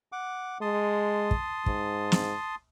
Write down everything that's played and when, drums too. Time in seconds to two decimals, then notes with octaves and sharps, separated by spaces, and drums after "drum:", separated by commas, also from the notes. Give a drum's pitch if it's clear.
0.12 F#5 D6
0.61 G#3 A5 C6 D#6
1.31 drum: kick
1.66 G#2, drum: kick
2.12 drum: snare